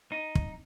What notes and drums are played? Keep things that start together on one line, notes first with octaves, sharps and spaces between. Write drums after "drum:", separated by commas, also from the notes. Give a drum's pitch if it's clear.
D#4
drum: kick